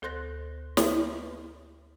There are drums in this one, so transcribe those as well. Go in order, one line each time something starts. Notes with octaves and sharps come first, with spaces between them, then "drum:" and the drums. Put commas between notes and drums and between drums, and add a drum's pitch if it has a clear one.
D2 A4 C5 C6 F#6 A#6
drum: snare